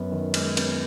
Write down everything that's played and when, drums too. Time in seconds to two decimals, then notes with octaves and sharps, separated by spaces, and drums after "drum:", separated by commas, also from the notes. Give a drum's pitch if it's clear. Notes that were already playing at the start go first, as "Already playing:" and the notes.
Already playing: F#2 B3
0.12 D#3
0.34 G#3, drum: cymbal
0.57 B3, drum: cymbal